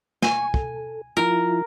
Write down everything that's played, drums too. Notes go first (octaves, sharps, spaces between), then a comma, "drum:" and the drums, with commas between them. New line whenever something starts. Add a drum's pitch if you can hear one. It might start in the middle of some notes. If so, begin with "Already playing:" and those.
G#5 C#6, drum: snare
A4, drum: kick
F3 E4 F4 A#4